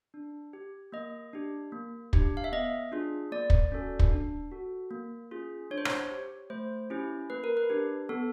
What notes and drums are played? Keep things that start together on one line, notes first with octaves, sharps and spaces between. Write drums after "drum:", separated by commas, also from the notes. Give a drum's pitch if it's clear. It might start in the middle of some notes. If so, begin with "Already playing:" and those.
D4
G4
A#3 D#5
D4 G4
A#3
D4 G4, drum: kick
F5
E5
B3 D#5
D4 F4 G#4
A#3 D5
drum: kick
C#4 F#4 A4
drum: kick
D4
F#4 A4
A#3
C#4 F4 G#4
D4 C#5
C5
C#5, drum: rim click
G4
A3 C5
C#4 E4 G4
A#3 B4
A#4
B4
D4 G4
B3 A4